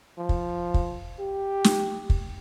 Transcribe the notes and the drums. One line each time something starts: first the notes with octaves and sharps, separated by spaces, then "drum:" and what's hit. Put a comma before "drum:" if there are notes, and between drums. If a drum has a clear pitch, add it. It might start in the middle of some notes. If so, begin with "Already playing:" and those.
F3
drum: kick
drum: kick
G4
drum: snare
drum: kick